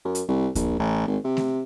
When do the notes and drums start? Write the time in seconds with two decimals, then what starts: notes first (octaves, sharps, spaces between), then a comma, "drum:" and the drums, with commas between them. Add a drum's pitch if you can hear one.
0.05 F#2
0.15 drum: hi-hat
0.28 C2
0.55 A#1, drum: kick D2, hi-hat
0.79 A1
1.07 G#1
1.24 C3
1.37 drum: snare A3